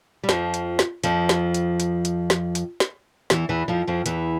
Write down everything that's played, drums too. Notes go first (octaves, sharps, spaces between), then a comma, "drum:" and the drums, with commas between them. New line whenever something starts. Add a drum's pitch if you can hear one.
G3
F2 F3, drum: snare
drum: hi-hat
drum: snare
F2 F3, drum: hi-hat
drum: snare
drum: hi-hat
drum: hi-hat
drum: hi-hat
drum: snare
drum: hi-hat
drum: snare
E2 E3, drum: snare
E2 E3
F2 F3
F2 F3
E2 E3, drum: hi-hat